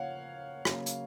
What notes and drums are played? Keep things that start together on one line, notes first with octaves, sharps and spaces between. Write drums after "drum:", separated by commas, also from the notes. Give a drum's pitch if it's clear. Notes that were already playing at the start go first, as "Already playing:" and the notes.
Already playing: C#3 F3 A#3 C#5 F5 F#5
C#3 F#3 A#3, drum: rim click
drum: hi-hat